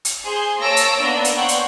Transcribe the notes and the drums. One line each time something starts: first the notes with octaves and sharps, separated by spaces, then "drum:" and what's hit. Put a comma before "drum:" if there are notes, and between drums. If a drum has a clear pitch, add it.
drum: hi-hat
G#4 C5 C6
A#3 C#5 A5 E6 A#6 D7
drum: hi-hat
A#3 B3 D4
drum: hi-hat
C5 C#5 F#5 G5 C6 C#6
drum: hi-hat